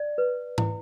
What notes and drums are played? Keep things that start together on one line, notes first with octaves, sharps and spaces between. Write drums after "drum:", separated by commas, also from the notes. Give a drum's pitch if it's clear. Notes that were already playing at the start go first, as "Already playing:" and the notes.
Already playing: D5
B4
E4, drum: tom G#2